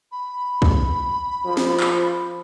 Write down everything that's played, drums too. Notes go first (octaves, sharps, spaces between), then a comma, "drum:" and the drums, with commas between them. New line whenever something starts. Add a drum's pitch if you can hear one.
B5
drum: kick
F3
drum: snare
drum: clap